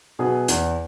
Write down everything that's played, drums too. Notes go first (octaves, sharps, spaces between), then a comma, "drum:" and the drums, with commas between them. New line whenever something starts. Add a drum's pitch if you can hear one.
B2 F#3 B3 G#4
E2, drum: hi-hat